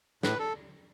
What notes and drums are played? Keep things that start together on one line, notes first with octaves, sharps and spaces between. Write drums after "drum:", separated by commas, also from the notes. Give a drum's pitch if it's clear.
A2 B4, drum: snare
A4